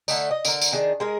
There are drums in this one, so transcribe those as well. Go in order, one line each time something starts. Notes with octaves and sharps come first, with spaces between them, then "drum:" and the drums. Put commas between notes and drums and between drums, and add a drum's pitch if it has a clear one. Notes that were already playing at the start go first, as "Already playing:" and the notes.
D3 A3 D#4, drum: tambourine
D#5
D3 A#4, drum: tambourine
drum: tambourine
D#3 D4 G#4
G#3 G#4 A#4